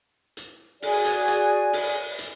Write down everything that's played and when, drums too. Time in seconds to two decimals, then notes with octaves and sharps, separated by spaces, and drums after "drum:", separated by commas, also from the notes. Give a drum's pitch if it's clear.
0.37 drum: hi-hat
0.82 F#4 G#4 D5 G#5, drum: open hi-hat
1.05 drum: hi-hat
1.28 drum: hi-hat
1.73 drum: open hi-hat
2.19 drum: hi-hat